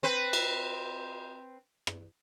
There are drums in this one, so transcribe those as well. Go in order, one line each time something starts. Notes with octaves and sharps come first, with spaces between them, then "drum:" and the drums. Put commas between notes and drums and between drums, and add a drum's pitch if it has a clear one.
C4 B4
drum: cymbal
drum: rim click